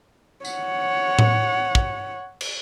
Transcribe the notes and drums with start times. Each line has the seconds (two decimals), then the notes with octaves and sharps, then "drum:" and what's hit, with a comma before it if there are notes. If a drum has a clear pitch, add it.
0.45 C#5 F#5, drum: tambourine
1.19 drum: tom A2
1.75 drum: kick
2.41 drum: cymbal